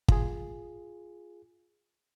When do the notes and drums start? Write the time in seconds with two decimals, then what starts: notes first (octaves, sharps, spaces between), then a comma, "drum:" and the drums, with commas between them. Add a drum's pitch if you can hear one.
0.08 F4 G#4, drum: kick